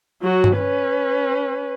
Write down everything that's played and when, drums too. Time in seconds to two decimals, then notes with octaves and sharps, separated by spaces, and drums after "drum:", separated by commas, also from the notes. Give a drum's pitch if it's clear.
0.21 F#3 F#4
0.44 drum: tom G2
0.58 C#4 B4